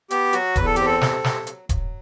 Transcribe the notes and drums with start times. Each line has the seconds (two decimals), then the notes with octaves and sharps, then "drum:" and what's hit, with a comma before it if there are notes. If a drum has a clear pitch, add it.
0.10 B3 G4, drum: hi-hat
0.33 F#3 F#4, drum: hi-hat
0.56 E2 B4, drum: kick D#1, hi-hat
0.66 A4
0.76 C4 G4, drum: hi-hat
0.86 A4
1.01 C3, drum: snare
1.24 C3, drum: snare
1.47 F#3, drum: hi-hat
1.69 F#3, drum: kick D#1, hi-hat